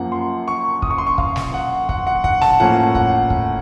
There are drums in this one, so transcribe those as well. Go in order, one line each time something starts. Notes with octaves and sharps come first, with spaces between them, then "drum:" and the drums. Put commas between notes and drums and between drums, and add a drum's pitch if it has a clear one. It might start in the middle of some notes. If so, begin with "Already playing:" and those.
Already playing: F#2 F3 A#3 F#5
C6
C#6
D#6, drum: kick
C#6
C6
C#6
F5, drum: kick
drum: snare
F#5
F#5, drum: kick
F#5
F#5, drum: kick
A5, drum: snare
A2 F3 A#3 C#4 F#5
F#5, drum: kick
drum: kick